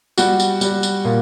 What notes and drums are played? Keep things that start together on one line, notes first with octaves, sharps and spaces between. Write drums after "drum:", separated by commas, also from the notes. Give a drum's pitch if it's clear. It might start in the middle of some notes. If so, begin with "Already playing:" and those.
G3 F#4, drum: tambourine
drum: tambourine
G3, drum: tambourine
drum: tambourine
A#2